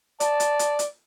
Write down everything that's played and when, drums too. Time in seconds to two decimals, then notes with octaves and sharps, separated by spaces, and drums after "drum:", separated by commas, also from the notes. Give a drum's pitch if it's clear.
0.20 D5 A5, drum: hi-hat
0.40 drum: hi-hat
0.59 drum: hi-hat
0.79 drum: hi-hat